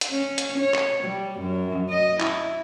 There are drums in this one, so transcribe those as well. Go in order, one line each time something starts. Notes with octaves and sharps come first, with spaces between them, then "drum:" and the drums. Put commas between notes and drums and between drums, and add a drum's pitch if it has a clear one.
drum: hi-hat
C#4
drum: hi-hat
C#5
drum: clap
G3
F#2
D#5
E4, drum: clap